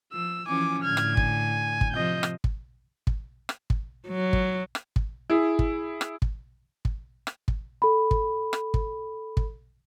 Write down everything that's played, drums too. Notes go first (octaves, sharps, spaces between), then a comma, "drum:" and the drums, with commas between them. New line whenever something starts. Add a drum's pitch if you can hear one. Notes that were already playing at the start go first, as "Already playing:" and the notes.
F3 E6
E3 F3 C#4 G#5 D6
A2 D3 F6 G#6
drum: rim click
G#5, drum: kick
drum: kick
C3 F3 D#5 G6
drum: rim click
drum: kick
drum: kick
drum: rim click
drum: kick
F#3
drum: kick
drum: rim click
drum: kick
E4 G#4
drum: kick
drum: rim click
drum: kick
drum: kick
drum: rim click
drum: kick
A4 B5
drum: kick
drum: rim click
drum: kick
drum: kick